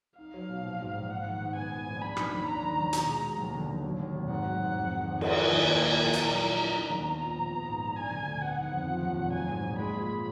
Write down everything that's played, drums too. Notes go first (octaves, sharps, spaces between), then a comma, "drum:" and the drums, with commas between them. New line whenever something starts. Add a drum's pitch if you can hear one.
D#4 F5
F#3
B2
A#1
G#2
A#1
G#2 F#5
D#3
G#2
B3 G#5
G#2
A#1
D4 B5
D#3, drum: rim click
D#2
D4 A#5
D#3
D#2
B2, drum: hi-hat
G#3
B2
D#2
D3
D#2
F#3
D#2
F1
G#2 F#5
F#3
G#2
F2
D#3
F2
F4 G#5, drum: cymbal
D#3
D#2
A#3
A#2
A#1
F#4 A#5, drum: hi-hat
F#3
A#2
D4
D#3
D#2
B3 A#5
A#2
A#1
B3
G#2
A#1
D4 G#5
D3
D2
B3 F#5
D#3
F2
F3
D#2
F1
F#3 G#5
G#2
A#1
G#3 B5
A#2